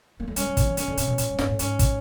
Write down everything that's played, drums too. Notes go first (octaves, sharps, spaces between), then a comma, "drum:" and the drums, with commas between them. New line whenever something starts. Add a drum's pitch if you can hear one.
A#3
A3
G#3 C#4, drum: hi-hat
F#3
F3, drum: kick, hi-hat
E3
D#3 C#4, drum: hi-hat
D3
C3, drum: hi-hat
B2
A#2, drum: hi-hat
G2
G#2, drum: snare
A2
G#2 C#4, drum: hi-hat
drum: kick, hi-hat